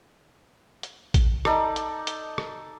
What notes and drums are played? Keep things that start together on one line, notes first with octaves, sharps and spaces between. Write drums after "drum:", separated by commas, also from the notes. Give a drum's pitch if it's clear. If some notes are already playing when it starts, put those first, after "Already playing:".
drum: hi-hat
drum: kick A1, hi-hat
D#4 A4 D5, drum: rim click
drum: hi-hat
drum: hi-hat
drum: rim click